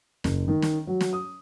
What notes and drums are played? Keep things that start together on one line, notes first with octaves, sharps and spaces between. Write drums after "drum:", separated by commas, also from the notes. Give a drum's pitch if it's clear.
F#1, drum: snare
D#3
drum: snare
F#3
drum: snare
D#6